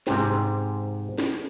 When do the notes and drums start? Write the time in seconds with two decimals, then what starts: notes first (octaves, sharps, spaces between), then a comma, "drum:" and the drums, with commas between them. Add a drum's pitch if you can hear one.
0.07 G#2 C3 C4, drum: snare
1.18 drum: snare